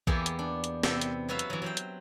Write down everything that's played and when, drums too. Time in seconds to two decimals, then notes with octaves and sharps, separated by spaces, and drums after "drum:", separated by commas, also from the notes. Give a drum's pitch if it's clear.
0.07 E2 E3 A#3 B3 G4 G#4, drum: kick A#1
0.26 drum: hi-hat
0.39 D4
0.64 drum: hi-hat
0.83 C3 B3 E5 G5, drum: snare
1.02 drum: hi-hat
1.29 F#3 B3 F#4 B4 E5 F5
1.39 drum: hi-hat
1.50 E3 F#3
1.62 F#3 C5 G5
1.77 drum: hi-hat